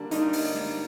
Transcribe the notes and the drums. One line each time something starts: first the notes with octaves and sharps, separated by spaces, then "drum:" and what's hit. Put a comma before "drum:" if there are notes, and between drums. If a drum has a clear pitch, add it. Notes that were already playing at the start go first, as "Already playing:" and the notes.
Already playing: D3 G3 A#3 D4
D3 G3 A#3 D4 D#4, drum: hi-hat
drum: open hi-hat
drum: snare